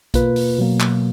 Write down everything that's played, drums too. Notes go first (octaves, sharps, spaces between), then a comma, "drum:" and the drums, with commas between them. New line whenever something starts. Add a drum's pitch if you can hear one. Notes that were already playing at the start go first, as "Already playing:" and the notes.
B2 A#3 F4 B4, drum: kick B1, hi-hat
drum: open hi-hat
B2 F#3 A#3
drum: clap